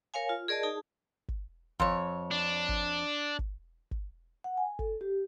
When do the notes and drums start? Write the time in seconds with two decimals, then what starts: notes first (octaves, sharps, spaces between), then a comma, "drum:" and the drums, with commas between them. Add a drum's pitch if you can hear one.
0.14 A#4 C#5 F5 G#5
0.29 F4
0.48 G#4 A#4 D5 D#5 A5
0.63 D#4 G#4 A5
1.28 drum: kick G1
1.80 F2 C#5, drum: kick G1
2.31 D4
2.69 drum: kick G1
3.39 drum: kick G1
3.91 drum: kick G1
4.44 F#5
4.57 G#5
4.79 A4, drum: kick G1
5.01 G4